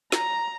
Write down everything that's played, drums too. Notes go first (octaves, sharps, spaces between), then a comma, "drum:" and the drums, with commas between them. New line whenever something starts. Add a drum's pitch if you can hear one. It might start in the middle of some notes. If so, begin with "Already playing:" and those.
A#5, drum: snare